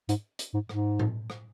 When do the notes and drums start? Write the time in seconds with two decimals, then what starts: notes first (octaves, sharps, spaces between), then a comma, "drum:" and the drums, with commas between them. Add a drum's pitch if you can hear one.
0.09 G#2, drum: hi-hat
0.39 drum: hi-hat
0.54 G#2
0.69 G#2, drum: rim click
0.99 drum: tom A2
1.30 drum: rim click